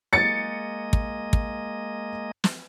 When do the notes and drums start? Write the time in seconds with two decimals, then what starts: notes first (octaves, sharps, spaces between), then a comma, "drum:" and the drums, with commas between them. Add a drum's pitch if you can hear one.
0.13 G#3 A#3 D#5 A6 C#7
0.93 drum: kick
1.33 drum: kick
2.44 drum: snare